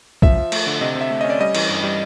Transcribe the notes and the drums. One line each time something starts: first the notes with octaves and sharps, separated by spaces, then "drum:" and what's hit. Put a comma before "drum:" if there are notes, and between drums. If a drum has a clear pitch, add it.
F3 E5, drum: kick B1
F3
A3, drum: cymbal
D3
C3 D#5
C3
E5
A3
C#4 D#5
D5
G3 D#5
E3, drum: cymbal
G2
G3